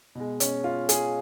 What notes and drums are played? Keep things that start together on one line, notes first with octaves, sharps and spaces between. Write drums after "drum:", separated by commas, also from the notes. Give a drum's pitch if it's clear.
B2 G#3
C#4, drum: hi-hat
F4
G#4, drum: hi-hat